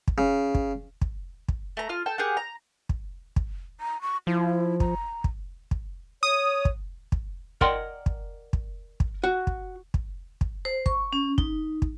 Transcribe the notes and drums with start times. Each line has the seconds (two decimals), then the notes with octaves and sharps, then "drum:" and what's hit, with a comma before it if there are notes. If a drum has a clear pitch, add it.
0.08 drum: kick
0.18 C#3
0.55 drum: kick
1.01 drum: kick
1.48 drum: kick
1.77 A3 A#5
1.89 F4 F6
2.06 A4 G5 A5
2.18 G4 G#4 A#4 F#5
2.37 A#5
2.89 drum: kick
3.36 drum: kick
3.80 A#5
4.02 C#6
4.27 F3 E4
4.80 A#5, drum: kick
5.24 drum: kick
5.71 drum: kick
6.23 C#5 D#6
6.65 drum: kick
7.12 drum: kick
7.61 A#4 D5 D#5 F#5 G5 C6, drum: kick
8.06 drum: kick
8.53 drum: kick
9.00 drum: kick
9.24 F#4
9.47 drum: kick
9.94 drum: kick
10.41 drum: kick
10.65 C5
10.86 C#6, drum: kick
11.13 C#4
11.38 D#4, drum: kick
11.82 drum: kick